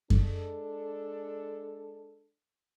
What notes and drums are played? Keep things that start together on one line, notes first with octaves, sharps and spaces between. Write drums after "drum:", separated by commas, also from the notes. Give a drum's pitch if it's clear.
G#3 D4 A4, drum: kick F#2